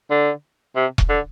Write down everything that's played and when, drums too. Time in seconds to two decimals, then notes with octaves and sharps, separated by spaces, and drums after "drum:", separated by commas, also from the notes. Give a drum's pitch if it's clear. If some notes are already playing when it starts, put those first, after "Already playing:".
0.11 D3
0.76 C3
0.98 drum: kick E1
1.09 D3